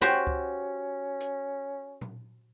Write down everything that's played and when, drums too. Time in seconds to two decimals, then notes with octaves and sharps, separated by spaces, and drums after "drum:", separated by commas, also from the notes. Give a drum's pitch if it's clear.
0.01 C#4 F#4 G4 C5, drum: snare
0.27 drum: kick C#2
1.21 drum: hi-hat
2.01 drum: tom A#2